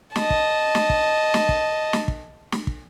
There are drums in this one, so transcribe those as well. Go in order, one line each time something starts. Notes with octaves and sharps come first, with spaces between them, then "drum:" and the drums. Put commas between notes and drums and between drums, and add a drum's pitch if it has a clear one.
D#5 A5, drum: snare
drum: kick
drum: snare
drum: kick
drum: snare
drum: kick
drum: snare
drum: kick
drum: snare
drum: kick